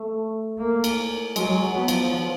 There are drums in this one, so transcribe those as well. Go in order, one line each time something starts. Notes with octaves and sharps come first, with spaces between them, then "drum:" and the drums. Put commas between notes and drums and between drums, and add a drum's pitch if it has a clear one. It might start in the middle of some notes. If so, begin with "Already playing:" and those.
Already playing: A3
A#3
drum: cymbal
F#3 G#3, drum: cymbal
F#3
B3
F3, drum: cymbal
F3